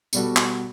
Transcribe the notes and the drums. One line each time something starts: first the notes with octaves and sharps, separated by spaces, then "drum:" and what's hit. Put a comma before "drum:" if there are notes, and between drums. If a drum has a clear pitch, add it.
B2 G3 B3 F#4 A4, drum: tambourine
drum: clap